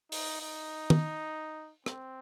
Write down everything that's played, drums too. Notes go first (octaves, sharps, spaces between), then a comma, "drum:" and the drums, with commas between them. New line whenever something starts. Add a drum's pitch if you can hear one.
D#4, drum: open hi-hat
D#4
drum: tom
C4, drum: rim click